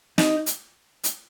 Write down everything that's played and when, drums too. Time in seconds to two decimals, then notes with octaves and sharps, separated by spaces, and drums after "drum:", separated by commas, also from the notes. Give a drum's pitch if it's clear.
0.18 D#4, drum: snare
0.46 drum: hi-hat
1.04 drum: hi-hat